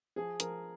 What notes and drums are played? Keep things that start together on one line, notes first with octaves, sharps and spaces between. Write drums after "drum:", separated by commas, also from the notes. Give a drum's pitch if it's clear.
F3 G#4
F3 A#4, drum: hi-hat